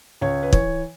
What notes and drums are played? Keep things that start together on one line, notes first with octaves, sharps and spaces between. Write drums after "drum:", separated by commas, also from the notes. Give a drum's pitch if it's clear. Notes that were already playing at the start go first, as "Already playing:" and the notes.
C#2 C#5
B4
E3 C#5, drum: kick